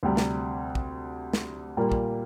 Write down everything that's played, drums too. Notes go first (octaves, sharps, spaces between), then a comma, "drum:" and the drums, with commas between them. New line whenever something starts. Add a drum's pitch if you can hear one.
D2 C3 G3
drum: snare
drum: kick
drum: snare
A#2 G3 A#3
drum: kick